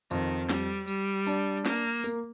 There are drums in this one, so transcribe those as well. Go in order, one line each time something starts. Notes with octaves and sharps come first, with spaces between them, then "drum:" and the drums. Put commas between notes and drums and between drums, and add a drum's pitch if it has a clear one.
F2 D#3, drum: tambourine
G3, drum: snare
G3, drum: tambourine
D4, drum: tambourine
A#3, drum: snare
A#3, drum: tambourine